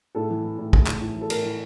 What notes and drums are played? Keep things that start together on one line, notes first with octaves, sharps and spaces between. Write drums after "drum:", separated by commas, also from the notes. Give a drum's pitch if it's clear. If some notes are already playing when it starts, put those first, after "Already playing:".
A2 A4
E3
E3
A2
A2, drum: kick
A2, drum: clap
A2
E3
A4
A2 A#4, drum: cymbal
E3